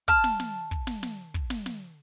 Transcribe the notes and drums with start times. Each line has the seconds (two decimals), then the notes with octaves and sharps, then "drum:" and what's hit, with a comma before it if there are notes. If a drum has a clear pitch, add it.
0.08 A5 F6, drum: kick
0.24 drum: snare
0.40 drum: snare
0.71 drum: kick
0.87 drum: snare
1.03 drum: snare
1.34 drum: kick
1.50 drum: snare
1.66 drum: snare